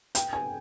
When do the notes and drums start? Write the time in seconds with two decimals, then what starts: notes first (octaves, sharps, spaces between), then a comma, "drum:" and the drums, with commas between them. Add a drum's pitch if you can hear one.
0.15 G5, drum: hi-hat
0.33 G#5